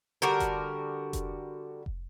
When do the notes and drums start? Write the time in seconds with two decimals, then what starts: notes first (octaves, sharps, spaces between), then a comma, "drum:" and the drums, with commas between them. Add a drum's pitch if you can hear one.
0.22 D3 G3 F#4 A#4
0.40 drum: kick F1, hi-hat
1.13 drum: kick F1, hi-hat
1.86 drum: kick F1